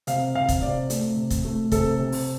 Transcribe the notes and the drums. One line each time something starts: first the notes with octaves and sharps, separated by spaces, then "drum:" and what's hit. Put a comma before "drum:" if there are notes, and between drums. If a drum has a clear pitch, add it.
C3 F5, drum: hi-hat
C3 F5
drum: kick, hi-hat
C3 D5
A3, drum: hi-hat
C3
drum: kick, hi-hat
A3
C3 A4, drum: kick, hi-hat
C3
drum: open hi-hat